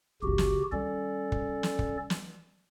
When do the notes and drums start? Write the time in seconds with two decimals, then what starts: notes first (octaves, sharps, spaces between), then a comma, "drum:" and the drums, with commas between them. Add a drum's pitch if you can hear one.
0.23 G1 C#2 C#3 F#4 G4
0.38 drum: snare
0.72 D#3 G3 C#4 A4 D5
1.32 drum: kick
1.63 drum: snare
1.79 drum: kick
2.10 drum: snare